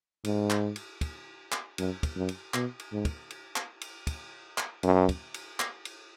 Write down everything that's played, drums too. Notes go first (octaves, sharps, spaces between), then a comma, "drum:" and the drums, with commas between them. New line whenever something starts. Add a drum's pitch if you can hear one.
G#2, drum: cymbal
drum: clap
drum: cymbal
drum: kick, cymbal
drum: clap
F#2, drum: cymbal
drum: kick, cymbal
F#2
drum: cymbal
B2, drum: clap
drum: cymbal
G#2
drum: kick, cymbal
drum: cymbal
drum: clap
drum: cymbal
drum: kick, cymbal
drum: clap
F#2, drum: cymbal
drum: kick, cymbal
drum: cymbal
drum: clap
drum: cymbal